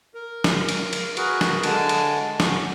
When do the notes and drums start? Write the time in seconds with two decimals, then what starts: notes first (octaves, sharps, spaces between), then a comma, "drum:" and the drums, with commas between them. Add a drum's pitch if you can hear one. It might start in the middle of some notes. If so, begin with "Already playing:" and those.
0.14 A#4
0.44 drum: snare
0.69 drum: cymbal
0.93 drum: cymbal
1.17 F#4 G#4 A#4 B4, drum: cymbal
1.41 drum: snare
1.63 D3 G#3 G#5 A5, drum: cymbal
1.89 drum: cymbal
2.40 B3 C#4 C#6 D6, drum: snare